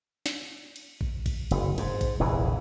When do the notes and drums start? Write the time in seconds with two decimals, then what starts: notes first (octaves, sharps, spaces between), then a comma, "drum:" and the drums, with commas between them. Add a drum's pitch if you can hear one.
0.26 drum: snare
0.76 drum: cymbal
1.01 drum: kick A#1
1.26 drum: kick A#1, cymbal
1.51 F#1, drum: cymbal
1.78 G#2, drum: cymbal
2.01 drum: kick A#1, cymbal
2.20 F1 A#1 E2 E3